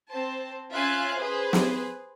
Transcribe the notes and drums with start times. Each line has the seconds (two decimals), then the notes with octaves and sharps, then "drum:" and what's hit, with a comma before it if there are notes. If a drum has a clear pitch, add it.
0.12 C4 C5 A5
0.73 C#4 F4 E5 F5 G#5 F#6
1.17 G#4 B4 C5
1.53 drum: snare